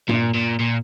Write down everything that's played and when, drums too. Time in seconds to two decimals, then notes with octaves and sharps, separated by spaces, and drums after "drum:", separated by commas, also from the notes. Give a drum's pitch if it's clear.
0.09 A#2, drum: tom G2
0.34 A#2
0.59 A#2